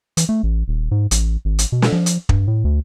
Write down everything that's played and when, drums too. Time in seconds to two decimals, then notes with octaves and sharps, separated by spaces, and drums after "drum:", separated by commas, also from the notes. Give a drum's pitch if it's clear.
0.17 E3, drum: hi-hat
0.29 A3
0.43 A1
0.68 D#1
0.91 G#2
1.11 A1, drum: hi-hat
1.45 G#1
1.59 drum: hi-hat
1.72 B2
1.82 drum: snare
1.92 F3
2.06 drum: hi-hat
2.29 G2, drum: kick
2.47 A2
2.64 D2